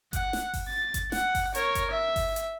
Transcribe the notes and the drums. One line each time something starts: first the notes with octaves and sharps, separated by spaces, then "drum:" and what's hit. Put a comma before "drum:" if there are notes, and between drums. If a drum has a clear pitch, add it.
F#5, drum: kick G1, hi-hat
drum: snare
drum: kick G1, open hi-hat
A6
drum: kick G1, hi-hat
F#5, drum: snare
drum: kick G1, open hi-hat
A#4 C#5, drum: hi-hat
drum: kick G1, hi-hat
E5
drum: kick G1, open hi-hat
drum: hi-hat